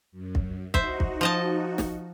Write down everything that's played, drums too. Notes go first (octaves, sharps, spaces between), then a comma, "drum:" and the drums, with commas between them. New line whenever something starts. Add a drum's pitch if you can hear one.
F#2
drum: kick
D#4 F#4 C5 E5, drum: kick
drum: kick
F3 D#5 A5
drum: snare